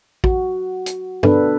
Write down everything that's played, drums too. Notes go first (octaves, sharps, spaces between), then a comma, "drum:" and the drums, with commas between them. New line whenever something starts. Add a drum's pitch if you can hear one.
F#4, drum: kick
drum: hi-hat
B3 D4 A4 B4, drum: tom G2